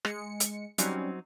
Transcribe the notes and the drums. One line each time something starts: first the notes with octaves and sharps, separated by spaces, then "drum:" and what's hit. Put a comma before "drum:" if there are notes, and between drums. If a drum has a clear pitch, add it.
G#3 C#7, drum: rim click
drum: hi-hat
F#3 G3 C4 C#4 D#4, drum: hi-hat